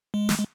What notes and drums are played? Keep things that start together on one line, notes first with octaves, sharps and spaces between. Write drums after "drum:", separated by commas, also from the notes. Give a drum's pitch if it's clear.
G#3
drum: snare
G#3